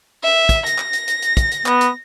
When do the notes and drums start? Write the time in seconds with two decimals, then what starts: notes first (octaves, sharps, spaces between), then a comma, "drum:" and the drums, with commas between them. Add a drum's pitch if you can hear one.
0.23 E5
0.49 drum: kick, hi-hat
0.66 A#6, drum: hi-hat
0.78 drum: clap
0.93 drum: hi-hat
1.08 drum: hi-hat
1.22 drum: hi-hat
1.37 drum: kick, hi-hat
1.51 drum: hi-hat
1.66 B3, drum: clap
1.81 drum: hi-hat